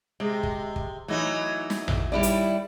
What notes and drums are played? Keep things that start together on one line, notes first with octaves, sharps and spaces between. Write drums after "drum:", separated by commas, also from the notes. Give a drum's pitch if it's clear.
C3 G#3
drum: kick
drum: kick
E3 F#3 A3 D#4
drum: snare
drum: tom A1
D#2 G3 E4 D5
drum: hi-hat